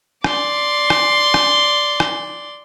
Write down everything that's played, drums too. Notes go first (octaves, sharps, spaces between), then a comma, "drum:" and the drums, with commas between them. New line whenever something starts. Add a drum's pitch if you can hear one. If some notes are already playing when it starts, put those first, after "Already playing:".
D5 C6, drum: rim click
drum: rim click
drum: rim click
drum: rim click